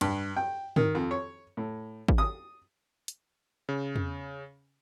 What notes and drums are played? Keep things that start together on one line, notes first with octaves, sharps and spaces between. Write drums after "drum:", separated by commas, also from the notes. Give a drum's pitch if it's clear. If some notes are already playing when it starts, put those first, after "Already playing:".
G2, drum: cymbal
G5
D#3, drum: tom
F2
C#5
A2
drum: kick
D#6
drum: hi-hat
C#3
drum: tom E2